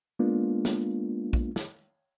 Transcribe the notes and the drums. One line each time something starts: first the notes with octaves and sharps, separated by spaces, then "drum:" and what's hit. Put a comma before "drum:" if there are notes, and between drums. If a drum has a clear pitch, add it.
G#3 A#3 B3 D4 F4
drum: snare
drum: kick
drum: snare